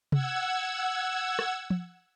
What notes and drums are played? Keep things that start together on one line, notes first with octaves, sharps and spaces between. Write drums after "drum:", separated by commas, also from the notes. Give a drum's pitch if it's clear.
F#5 E6 G#6, drum: tom C3
drum: rim click
drum: tom